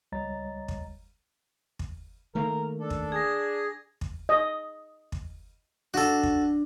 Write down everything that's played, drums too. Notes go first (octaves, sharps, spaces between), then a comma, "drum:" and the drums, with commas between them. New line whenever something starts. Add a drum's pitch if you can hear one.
C#2 G3 C#5 D#5 A#5 A6
drum: kick
drum: kick
D#3 A3 A#3 A#4
D4 A4
drum: kick
G#4 G#6 A#6
drum: kick
D#5
drum: kick
D4 F#4 A4
drum: kick